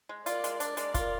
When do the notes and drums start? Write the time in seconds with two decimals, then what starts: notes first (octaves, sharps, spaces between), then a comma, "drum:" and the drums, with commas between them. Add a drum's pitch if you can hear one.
0.09 G#3
0.26 F4 A#4 D5, drum: hi-hat
0.44 G#3, drum: hi-hat
0.60 D4, drum: hi-hat
0.77 G#3 A#4 D5, drum: hi-hat
0.94 F4, drum: kick, hi-hat